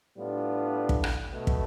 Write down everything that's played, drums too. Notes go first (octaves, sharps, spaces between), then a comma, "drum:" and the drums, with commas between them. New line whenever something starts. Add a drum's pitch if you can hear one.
A2 G3 B3 D4 F4
drum: kick
drum: rim click
B2 A3
drum: kick